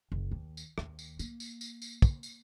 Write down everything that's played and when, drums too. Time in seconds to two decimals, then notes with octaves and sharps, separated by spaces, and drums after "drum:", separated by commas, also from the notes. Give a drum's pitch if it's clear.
0.12 F#1
0.31 D#2
0.57 drum: tambourine
0.78 D#2, drum: rim click
0.99 drum: tambourine
1.19 A#3, drum: tambourine
1.40 drum: tambourine
1.61 drum: tambourine
1.82 drum: tambourine
2.02 drum: kick, tambourine
2.23 drum: tambourine